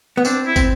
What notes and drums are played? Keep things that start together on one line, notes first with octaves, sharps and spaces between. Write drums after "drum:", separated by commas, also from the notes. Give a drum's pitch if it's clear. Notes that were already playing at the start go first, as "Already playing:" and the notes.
B3
C4 D4, drum: tambourine
E4
C4, drum: kick, tambourine